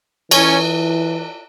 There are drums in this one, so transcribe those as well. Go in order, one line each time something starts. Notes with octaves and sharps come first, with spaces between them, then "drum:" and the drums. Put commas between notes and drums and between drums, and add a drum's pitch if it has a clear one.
E3 C#4, drum: cymbal